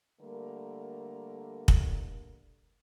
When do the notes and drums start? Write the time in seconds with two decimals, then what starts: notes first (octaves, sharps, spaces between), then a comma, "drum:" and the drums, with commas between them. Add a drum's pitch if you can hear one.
0.20 D3 G3 A3 A#3 A#4
1.68 drum: kick